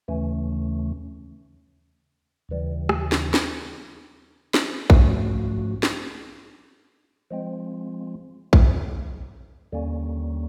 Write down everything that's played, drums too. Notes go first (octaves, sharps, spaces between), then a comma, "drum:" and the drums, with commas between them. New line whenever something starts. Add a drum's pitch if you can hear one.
D#2 C#3 E3 A3 C#4
D#2 C#3 E3 G3
drum: rim click
drum: snare
drum: snare
drum: snare
G#2 F3 A3 C#4 F#4, drum: kick A#1
drum: snare
F3 G#3 C4
drum: kick A#1
D#2 D3 G3 A#3 C#4